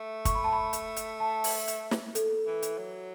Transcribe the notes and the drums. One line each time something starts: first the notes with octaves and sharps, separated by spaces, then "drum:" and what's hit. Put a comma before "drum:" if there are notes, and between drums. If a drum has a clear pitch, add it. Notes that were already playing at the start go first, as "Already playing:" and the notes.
Already playing: A3
C#6, drum: kick, hi-hat
B5
A5
B5
drum: hi-hat
drum: hi-hat
A5
drum: open hi-hat
drum: hi-hat
drum: snare
A4, drum: hi-hat
E3
drum: hi-hat
F#3